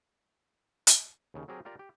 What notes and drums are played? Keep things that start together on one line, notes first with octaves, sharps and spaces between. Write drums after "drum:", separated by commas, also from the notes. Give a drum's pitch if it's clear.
drum: hi-hat
D#2 C#3
F#3 C4 G4 G#4 A#4
F4 G4 A#4 D5
G4